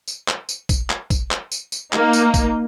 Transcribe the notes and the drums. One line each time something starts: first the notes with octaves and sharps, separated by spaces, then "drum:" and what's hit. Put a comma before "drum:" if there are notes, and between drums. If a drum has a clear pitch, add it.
drum: tambourine
drum: clap
drum: tambourine
drum: kick A#1, tambourine
drum: clap
drum: kick A#1, tambourine
drum: clap
drum: tambourine
drum: tambourine
A#3 D#4, drum: clap
drum: tambourine
drum: kick A#1, tambourine